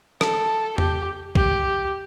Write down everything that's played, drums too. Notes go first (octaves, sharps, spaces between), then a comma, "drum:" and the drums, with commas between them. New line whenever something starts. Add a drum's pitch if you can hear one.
A4, drum: rim click
G4, drum: tom E2
G4, drum: kick B1